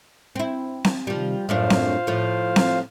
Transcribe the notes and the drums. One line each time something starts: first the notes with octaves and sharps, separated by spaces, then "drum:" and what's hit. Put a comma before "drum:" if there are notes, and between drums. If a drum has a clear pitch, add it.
C4 E4
drum: snare C4
C3 D#3 F3 G3
F#2 A2 D4 F4 C5 F5
drum: snare C4
A2 F3
drum: snare C4